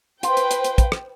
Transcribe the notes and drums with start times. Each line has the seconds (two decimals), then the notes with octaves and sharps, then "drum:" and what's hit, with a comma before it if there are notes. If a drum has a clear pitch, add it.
0.23 F4 B4 C5 G5, drum: hi-hat
0.37 drum: hi-hat
0.51 drum: hi-hat
0.64 drum: hi-hat
0.78 drum: kick, hi-hat
0.92 drum: rim click